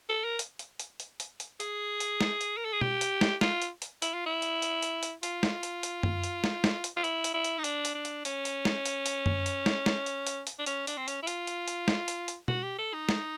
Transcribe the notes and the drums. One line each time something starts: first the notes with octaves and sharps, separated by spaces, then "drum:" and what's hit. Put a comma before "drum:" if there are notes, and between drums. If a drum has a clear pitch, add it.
A4
A#4
drum: hi-hat
drum: hi-hat
drum: hi-hat
drum: hi-hat
drum: hi-hat
drum: hi-hat
G#4, drum: hi-hat
drum: hi-hat
drum: snare
drum: hi-hat
A#4
A4
G#4
G4, drum: tom B2
drum: hi-hat
drum: snare
F4, drum: snare
drum: hi-hat
drum: hi-hat
E4, drum: hi-hat
F4
E4
drum: hi-hat
drum: hi-hat
drum: hi-hat
drum: hi-hat
F4, drum: hi-hat
drum: snare
drum: hi-hat
drum: hi-hat
drum: tom F#2
drum: hi-hat
drum: snare
drum: snare
drum: hi-hat
F4
E4, drum: hi-hat
drum: hi-hat
E4
drum: hi-hat
D#4
D4, drum: hi-hat
drum: hi-hat
D4
drum: hi-hat
C#4, drum: hi-hat
drum: hi-hat
drum: snare
drum: hi-hat
drum: hi-hat
drum: tom F#2
drum: hi-hat
drum: snare
drum: snare
drum: hi-hat
drum: hi-hat
drum: hi-hat
D4
C#4, drum: hi-hat
D4, drum: hi-hat
C4
C#4, drum: hi-hat
E4
F4, drum: hi-hat
drum: hi-hat
drum: hi-hat
drum: snare
drum: hi-hat
drum: hi-hat
F#4, drum: tom B2
G4
A4
D#4
drum: snare